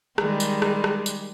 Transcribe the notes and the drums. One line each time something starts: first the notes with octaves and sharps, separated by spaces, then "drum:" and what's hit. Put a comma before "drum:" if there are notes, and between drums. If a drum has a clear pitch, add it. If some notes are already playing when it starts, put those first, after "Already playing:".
D#3 G3 G#3, drum: rim click
drum: tambourine
drum: rim click
drum: rim click
drum: tambourine